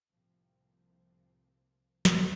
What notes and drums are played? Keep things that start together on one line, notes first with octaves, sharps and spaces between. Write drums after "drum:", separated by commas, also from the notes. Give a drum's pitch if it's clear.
C2 A2 C3 F3 A#3
drum: snare